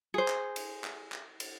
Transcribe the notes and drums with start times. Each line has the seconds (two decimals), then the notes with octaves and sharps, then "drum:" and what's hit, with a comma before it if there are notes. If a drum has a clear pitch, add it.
0.14 G#4 C5
0.28 drum: clap
0.56 drum: cymbal
0.84 drum: clap
1.12 drum: clap
1.40 drum: cymbal